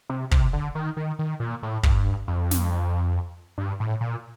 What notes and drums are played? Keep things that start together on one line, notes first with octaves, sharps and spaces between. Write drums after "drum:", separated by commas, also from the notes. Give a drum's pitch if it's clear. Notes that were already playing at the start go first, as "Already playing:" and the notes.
C3
C3, drum: kick
D3
D#3
D#3
D#3
A#2
A2
G2, drum: kick
F2
drum: snare
G2
A2
A#2